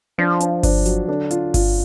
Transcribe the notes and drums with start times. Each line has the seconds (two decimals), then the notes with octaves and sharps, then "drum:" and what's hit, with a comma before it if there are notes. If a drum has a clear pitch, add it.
0.18 F3 D4
0.40 D4, drum: hi-hat
0.63 D4, drum: kick G1, open hi-hat
0.86 F#3, drum: hi-hat
1.08 D3 D4
1.31 F4, drum: hi-hat
1.54 F4, drum: kick G1, open hi-hat